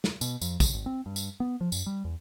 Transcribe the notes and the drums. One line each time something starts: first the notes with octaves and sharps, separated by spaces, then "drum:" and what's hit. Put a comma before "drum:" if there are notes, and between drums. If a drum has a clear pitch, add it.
drum: snare
B2, drum: tambourine
F2, drum: tambourine
C#2, drum: kick A1, tambourine
G#1
C4
G2
drum: tambourine
B3
F3
F#2, drum: tambourine
G3
E2